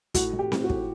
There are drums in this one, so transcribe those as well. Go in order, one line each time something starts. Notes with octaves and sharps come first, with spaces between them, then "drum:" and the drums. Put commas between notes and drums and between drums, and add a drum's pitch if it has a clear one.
A2 F#4, drum: kick, hi-hat
A2
G4
A2, drum: snare C4
F#4
A2, drum: kick